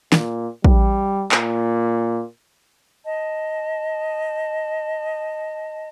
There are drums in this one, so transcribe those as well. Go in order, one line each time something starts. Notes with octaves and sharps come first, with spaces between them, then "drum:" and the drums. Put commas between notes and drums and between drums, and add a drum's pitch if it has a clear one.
A#2, drum: snare
G3, drum: kick
A#2, drum: clap
D#5 A5